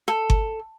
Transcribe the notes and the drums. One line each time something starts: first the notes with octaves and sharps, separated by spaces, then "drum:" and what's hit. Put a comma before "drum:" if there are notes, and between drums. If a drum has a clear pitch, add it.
A4
drum: kick G1